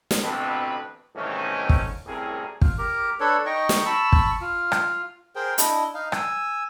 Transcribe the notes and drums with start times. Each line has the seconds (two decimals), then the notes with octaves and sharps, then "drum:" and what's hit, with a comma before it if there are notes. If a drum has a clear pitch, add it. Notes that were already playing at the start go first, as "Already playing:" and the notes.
0.11 drum: snare
0.22 A1 D2 B2 C4 A4 B4
1.16 C2 G#2 D#3 E3 A3 C#4
1.69 drum: kick
2.06 C2 F#2 A2 C4 G#4 A#4
2.61 F4, drum: kick
2.78 G4 A#4
3.20 D4 A4 B4 C#5
3.46 D#4 D#5 G5 C#6
3.69 drum: snare
3.86 A5 B5 C#6 E6
4.12 drum: kick
4.41 F4
4.72 drum: rim click
5.35 G#4 A#4 C5 G5
5.58 D4 E4 D#5, drum: hi-hat
5.94 D#4 F5
6.12 G#5 E6, drum: rim click